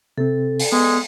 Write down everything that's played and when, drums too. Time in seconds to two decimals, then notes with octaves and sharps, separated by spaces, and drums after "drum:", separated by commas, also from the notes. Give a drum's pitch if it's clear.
0.18 C3 C4 A4
0.59 drum: open hi-hat
0.72 G#3 B3